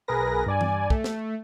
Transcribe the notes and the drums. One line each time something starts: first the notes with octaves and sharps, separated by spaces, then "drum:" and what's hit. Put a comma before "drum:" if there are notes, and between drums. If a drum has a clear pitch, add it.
B1 G#4 A#4 B4 A#6
G2 D5 G#5
drum: tom E3
A3, drum: kick
drum: snare